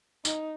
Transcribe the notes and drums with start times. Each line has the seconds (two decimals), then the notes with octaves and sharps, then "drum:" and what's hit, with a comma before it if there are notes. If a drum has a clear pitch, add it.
0.25 D#4, drum: tambourine